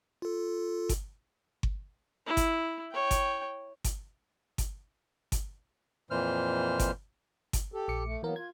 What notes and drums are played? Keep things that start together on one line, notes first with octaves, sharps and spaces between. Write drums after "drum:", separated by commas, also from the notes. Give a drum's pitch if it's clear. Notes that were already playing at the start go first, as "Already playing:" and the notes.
F4 A4
drum: kick G1, hi-hat
drum: kick G1
E4
drum: kick G1, hi-hat
C#5 G5
drum: kick G1, hi-hat
drum: kick G1, hi-hat
drum: kick G1, hi-hat
drum: kick G1, hi-hat
F2 A#2 E3 C5 F6
drum: kick G1, hi-hat
drum: kick G1, hi-hat
G4 A4
A#1 D6 C#7
A3
E3 F#3 A#3 B3 A#4
F4 G#6